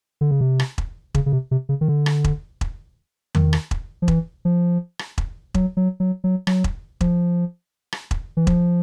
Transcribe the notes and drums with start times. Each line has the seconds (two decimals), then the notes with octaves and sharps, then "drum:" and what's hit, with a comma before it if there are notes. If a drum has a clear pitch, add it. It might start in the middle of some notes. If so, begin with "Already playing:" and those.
0.21 D3
0.31 C#3
0.41 C3
0.60 drum: rim click
0.78 drum: kick E1
1.15 C#3, drum: kick E1
1.26 C#3
1.32 C3
1.51 C3
1.69 C#3
1.81 D#3
1.88 D3
2.06 drum: rim click
2.24 drum: kick E1
2.61 drum: kick E1
3.35 D#3, drum: tom E2
3.53 drum: rim click
3.71 drum: kick E1
4.02 F3
4.08 E3, drum: kick E1
4.45 F3
4.99 drum: rim click
5.18 drum: kick E1
5.54 F#3, drum: kick E1
5.77 F#3
6.00 F#3
6.24 F#3
6.47 F#3, drum: rim click
6.64 drum: kick E1
7.01 F3, drum: kick E1
7.92 drum: rim click
8.11 drum: kick E1
8.37 E3
8.47 F3, drum: kick E1